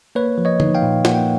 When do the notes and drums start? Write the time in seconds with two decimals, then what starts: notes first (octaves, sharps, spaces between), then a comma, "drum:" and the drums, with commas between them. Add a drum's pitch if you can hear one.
0.15 A#3 B4 C#5
0.38 F3
0.45 C#5 D#5
0.60 D#4, drum: tom
0.75 F5 G5
0.82 A#2
1.05 A#3 F#5, drum: snare
1.15 G5